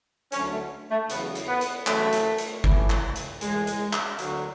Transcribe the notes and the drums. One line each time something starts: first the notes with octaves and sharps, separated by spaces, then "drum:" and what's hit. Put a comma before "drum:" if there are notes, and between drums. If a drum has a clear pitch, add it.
D2 D3 F#3 C#4, drum: hi-hat
A3
A3
E2 C#3 F#3 B3, drum: hi-hat
drum: hi-hat
B3
drum: hi-hat
E2 C#3 F#3 A3, drum: clap
drum: hi-hat
drum: hi-hat
A2 E3, drum: kick G1
drum: clap
drum: hi-hat
A2 E3 G#3, drum: hi-hat
drum: hi-hat
drum: clap
D2 D3 F#3, drum: hi-hat